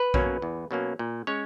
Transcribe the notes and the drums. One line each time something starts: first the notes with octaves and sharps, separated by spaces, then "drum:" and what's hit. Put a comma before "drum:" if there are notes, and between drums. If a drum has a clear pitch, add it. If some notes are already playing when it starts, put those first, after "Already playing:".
Already playing: B4
B2 F#3 A#3 C#4, drum: kick A#1
E2
B2 F#3 A#3 C#4
A#2
G#3 C#4 C#5